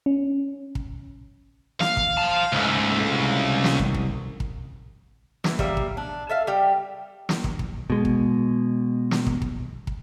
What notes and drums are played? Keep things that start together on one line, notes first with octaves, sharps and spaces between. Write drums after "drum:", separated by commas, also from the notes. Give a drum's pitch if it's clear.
C#4
drum: kick
F5, drum: snare
drum: kick
C5 A5
C#2 G#2 A3
C2
drum: snare
drum: kick
drum: kick
drum: kick
E3, drum: snare
G3 A#3 E5, drum: kick
drum: kick
D4
A4 E5 F5
G3 G4
drum: snare
drum: kick
drum: kick
B2 G#3
drum: kick
drum: snare
drum: kick
drum: kick
drum: kick